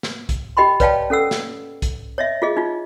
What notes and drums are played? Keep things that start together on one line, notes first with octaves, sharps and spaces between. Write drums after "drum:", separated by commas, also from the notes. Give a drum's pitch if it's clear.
drum: snare
drum: kick, hi-hat
G4 D#5 G5 B5 C6
B4 C#5 D5 F5 G5 A5, drum: kick, hi-hat
C#4 A4 F#5 E6
drum: snare
drum: kick, hi-hat
C#5 D#5 E5
F4 G#4 D#5
D#4 F4